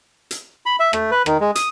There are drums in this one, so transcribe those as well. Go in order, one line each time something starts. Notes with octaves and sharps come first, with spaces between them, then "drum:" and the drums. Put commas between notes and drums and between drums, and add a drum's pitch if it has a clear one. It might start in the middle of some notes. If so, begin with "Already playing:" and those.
drum: hi-hat
B5
E5
A3, drum: rim click
B4
D#3, drum: rim click
G#3
D#6, drum: hi-hat